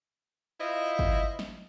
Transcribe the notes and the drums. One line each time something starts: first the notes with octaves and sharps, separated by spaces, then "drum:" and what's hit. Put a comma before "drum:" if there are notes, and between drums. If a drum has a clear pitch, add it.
E4 F4 C5 D#5
drum: kick G#1
drum: snare